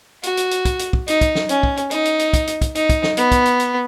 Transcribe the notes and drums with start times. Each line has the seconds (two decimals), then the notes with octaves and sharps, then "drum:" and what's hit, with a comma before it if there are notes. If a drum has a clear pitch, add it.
0.23 F#4, drum: hi-hat
0.37 drum: hi-hat
0.51 drum: hi-hat
0.65 drum: kick, hi-hat
0.79 drum: hi-hat
0.93 drum: kick
1.08 D#4, drum: hi-hat
1.21 drum: kick, hi-hat
1.35 drum: snare
1.49 C#4, drum: hi-hat
1.63 drum: kick
1.77 drum: hi-hat
1.91 D#4, drum: hi-hat
2.05 drum: hi-hat
2.19 drum: hi-hat
2.33 drum: kick, hi-hat
2.47 drum: hi-hat
2.61 drum: kick, hi-hat
2.75 D#4, drum: hi-hat
2.89 drum: kick, hi-hat
3.04 drum: snare
3.17 B3, drum: hi-hat
3.32 drum: kick, hi-hat
3.46 drum: hi-hat
3.60 drum: hi-hat